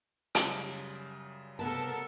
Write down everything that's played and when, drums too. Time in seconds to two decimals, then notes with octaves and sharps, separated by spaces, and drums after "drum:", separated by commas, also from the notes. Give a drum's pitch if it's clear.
0.35 F#2 C#3 G3, drum: hi-hat
1.59 C3 B3 A4 A#4 A5